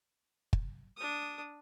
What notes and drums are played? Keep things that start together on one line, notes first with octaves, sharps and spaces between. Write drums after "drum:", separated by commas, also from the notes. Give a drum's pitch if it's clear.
drum: kick
D4 D#6